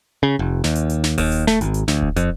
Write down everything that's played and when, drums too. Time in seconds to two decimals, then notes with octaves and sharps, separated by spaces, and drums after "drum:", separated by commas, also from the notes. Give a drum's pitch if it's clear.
0.23 C#3
0.39 F1
0.64 D#2, drum: snare
0.75 drum: hi-hat
0.90 drum: hi-hat
1.04 drum: snare
1.18 D#2, drum: kick D#1, open hi-hat
1.32 drum: hi-hat
1.47 A3, drum: snare
1.61 G#1, drum: hi-hat
1.74 drum: hi-hat
1.88 D2, drum: snare
2.02 drum: kick D#1
2.16 F2, drum: hi-hat